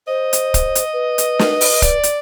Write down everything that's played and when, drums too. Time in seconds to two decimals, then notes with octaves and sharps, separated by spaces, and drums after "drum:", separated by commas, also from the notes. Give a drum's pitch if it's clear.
0.07 C5 D#5
0.33 drum: hi-hat
0.54 drum: kick, hi-hat
0.75 drum: hi-hat
0.93 B4
1.18 drum: hi-hat
1.39 drum: snare
1.61 drum: open hi-hat
1.82 D5, drum: kick, hi-hat
2.03 drum: hi-hat